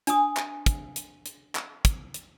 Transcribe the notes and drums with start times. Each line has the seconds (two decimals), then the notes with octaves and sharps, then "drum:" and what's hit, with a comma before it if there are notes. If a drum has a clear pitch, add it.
0.07 D4 G#5 D#6, drum: hi-hat
0.37 drum: clap
0.66 drum: kick, hi-hat
0.96 drum: hi-hat
1.26 drum: hi-hat
1.55 drum: clap
1.85 drum: kick, hi-hat
2.14 drum: hi-hat